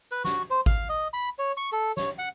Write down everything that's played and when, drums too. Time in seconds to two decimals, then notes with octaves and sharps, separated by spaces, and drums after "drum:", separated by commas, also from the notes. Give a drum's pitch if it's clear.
0.11 B4
0.24 F#4, drum: snare
0.50 C5
0.66 F5, drum: kick G#1
0.89 D#5
1.13 B5
1.39 C#5
1.57 C#6
1.72 A4
1.97 C#5, drum: snare
2.19 F#5